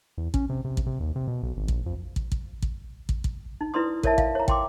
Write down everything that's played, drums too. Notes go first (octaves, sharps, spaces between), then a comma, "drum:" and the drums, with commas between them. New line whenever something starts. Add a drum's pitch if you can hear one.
E2
C#4, drum: kick
C3
C3
drum: kick
C3
D#2
C3
B2
B1
G#1
A#1, drum: kick
F2
drum: kick
drum: kick
drum: kick
drum: kick
drum: kick
D#4
E4 B4 D5 C6 D#6
A#4 C#5 D5 E5 A5, drum: kick
F5, drum: kick
C#5 A#5
G5 C6 D6, drum: kick